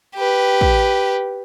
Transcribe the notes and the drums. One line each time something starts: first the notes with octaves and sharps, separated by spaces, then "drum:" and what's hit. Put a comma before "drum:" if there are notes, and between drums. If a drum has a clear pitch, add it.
G4 B4
drum: kick